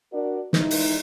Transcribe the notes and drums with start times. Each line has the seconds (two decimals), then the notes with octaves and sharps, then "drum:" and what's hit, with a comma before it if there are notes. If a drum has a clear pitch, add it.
0.13 D4 F#4 A#4 D5
0.53 E3 G#3 D#4, drum: snare
0.71 drum: open hi-hat